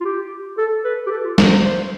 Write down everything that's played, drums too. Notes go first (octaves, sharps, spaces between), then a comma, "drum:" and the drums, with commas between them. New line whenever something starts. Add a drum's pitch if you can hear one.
F4
G4
A4
B4
G4
A4
F4
C5, drum: snare
C5
C5